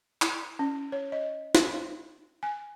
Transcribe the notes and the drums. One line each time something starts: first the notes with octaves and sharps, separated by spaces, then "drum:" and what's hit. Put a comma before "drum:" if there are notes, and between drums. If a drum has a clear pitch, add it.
E4, drum: clap
C#4
C#5
D#5
drum: snare
G#5